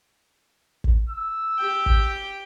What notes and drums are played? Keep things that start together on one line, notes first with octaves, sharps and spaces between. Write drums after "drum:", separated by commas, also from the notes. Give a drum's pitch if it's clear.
drum: kick
E6
G4 G5
drum: kick